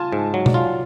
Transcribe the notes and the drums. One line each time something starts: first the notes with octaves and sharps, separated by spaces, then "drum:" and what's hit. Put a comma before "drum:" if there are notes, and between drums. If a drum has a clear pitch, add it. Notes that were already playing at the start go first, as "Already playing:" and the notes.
Already playing: F4 G#5 A5
G#2
F#3
D5, drum: tom
F4 F5
F#5